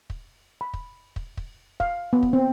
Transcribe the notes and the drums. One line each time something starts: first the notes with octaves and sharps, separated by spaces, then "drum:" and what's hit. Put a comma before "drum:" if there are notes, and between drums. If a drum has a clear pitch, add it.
drum: kick
B5
drum: kick
drum: kick
drum: kick
F5, drum: kick
B3
drum: kick
C4